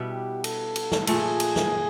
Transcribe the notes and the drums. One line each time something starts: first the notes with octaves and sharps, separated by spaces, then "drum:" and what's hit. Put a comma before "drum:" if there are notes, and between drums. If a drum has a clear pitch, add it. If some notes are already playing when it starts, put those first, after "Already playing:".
Already playing: B2 G3 B3 E4
G4
A4, drum: cymbal
drum: cymbal
drum: snare
A#2 F3 A3 G#4, drum: cymbal
drum: cymbal
drum: snare